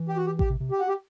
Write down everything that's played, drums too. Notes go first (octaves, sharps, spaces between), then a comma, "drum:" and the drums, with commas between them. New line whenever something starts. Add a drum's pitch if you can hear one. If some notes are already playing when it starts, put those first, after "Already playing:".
Already playing: E3
G4
F#4
G4
G4, drum: kick A1
C3
C3
G4
F#4
G4